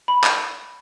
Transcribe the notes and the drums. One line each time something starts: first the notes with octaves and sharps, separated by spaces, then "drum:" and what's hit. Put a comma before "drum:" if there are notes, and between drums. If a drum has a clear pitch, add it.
B5
drum: clap